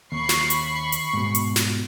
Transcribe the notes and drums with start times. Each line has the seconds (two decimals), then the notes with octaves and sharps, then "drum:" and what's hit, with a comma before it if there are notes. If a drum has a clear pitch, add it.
0.12 D#2 B5 C#6 C7
0.29 drum: snare
0.50 drum: hi-hat
0.92 drum: hi-hat
1.13 G#2 B2
1.35 drum: hi-hat
1.56 drum: snare